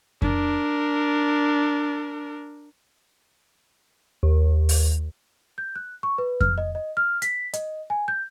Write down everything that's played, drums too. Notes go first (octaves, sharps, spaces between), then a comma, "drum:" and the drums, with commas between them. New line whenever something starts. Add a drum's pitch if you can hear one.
D4 A#4, drum: kick F2
D#2
drum: open hi-hat
G6
F#6
C#6
B4
F6, drum: kick F2
D#5
D#5
F6
B6, drum: hi-hat
D#5, drum: hi-hat
G#5
G6